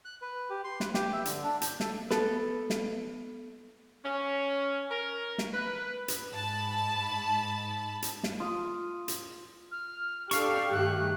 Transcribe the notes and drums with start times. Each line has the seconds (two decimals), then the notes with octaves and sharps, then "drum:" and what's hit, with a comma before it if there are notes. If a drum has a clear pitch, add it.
0.05 F#6
0.22 B4
0.50 G4
0.64 C6
0.80 B4, drum: snare
0.94 G4, drum: snare
1.13 E5
1.25 D3, drum: hi-hat
1.43 D4
1.61 G6, drum: hi-hat
1.80 A4, drum: snare
2.11 B3 A4 B4, drum: snare
2.70 drum: snare
4.03 C#4
4.89 A#4
5.38 drum: snare
5.52 B4
6.08 drum: hi-hat
6.33 G#2 A5 B5
8.02 drum: hi-hat
8.23 drum: snare
8.40 F4 D#6
9.08 drum: hi-hat
9.71 F6
10.31 D4 G4 A4 F5 C#6 F6, drum: hi-hat
10.71 G2 D#3 A3 F#6